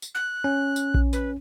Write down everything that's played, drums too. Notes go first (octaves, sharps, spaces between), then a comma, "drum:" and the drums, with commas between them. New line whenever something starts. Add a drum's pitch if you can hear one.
drum: tambourine
F#6
C#4
drum: tambourine
drum: kick A#1
B4, drum: tambourine